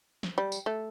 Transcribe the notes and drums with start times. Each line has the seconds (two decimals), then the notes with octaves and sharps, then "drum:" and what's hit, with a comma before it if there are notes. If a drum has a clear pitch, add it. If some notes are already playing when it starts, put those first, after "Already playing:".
0.23 drum: snare
0.38 G3
0.52 drum: tambourine
0.66 A3